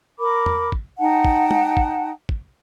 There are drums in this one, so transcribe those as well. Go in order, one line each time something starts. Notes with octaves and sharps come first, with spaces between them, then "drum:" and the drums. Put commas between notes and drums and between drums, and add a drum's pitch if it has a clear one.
A#4 B5 D6
drum: tom E2
drum: kick
D#4 F#5 G5 A5
drum: kick
drum: tom
drum: kick
drum: kick